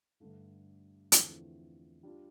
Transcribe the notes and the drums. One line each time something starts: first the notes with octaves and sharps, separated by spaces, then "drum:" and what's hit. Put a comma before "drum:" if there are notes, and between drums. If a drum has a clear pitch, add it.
G2 D3 A3
E2 D3 F3 A3 C4, drum: hi-hat
G3 D4 F4